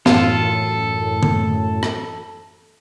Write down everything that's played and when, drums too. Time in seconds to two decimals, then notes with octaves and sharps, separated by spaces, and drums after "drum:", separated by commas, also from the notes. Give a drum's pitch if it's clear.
0.06 F#2 A2 E3 F4 A4, drum: snare
1.23 drum: tom
1.83 drum: rim click